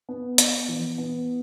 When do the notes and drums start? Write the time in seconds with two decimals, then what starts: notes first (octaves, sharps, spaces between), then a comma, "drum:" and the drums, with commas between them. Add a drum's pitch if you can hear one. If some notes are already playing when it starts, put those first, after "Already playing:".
0.09 B3
0.38 B3, drum: hi-hat
0.68 E3
0.98 B3